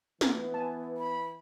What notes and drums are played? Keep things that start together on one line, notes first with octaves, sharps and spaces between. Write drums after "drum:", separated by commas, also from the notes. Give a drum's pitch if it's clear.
E3 B3, drum: snare
G#5 A5
B5